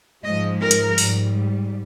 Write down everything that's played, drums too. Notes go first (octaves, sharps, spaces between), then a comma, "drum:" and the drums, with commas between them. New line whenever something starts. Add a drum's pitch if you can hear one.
G#2 F3 G#3 D#5
A#4
drum: hi-hat
G#2 G3, drum: open hi-hat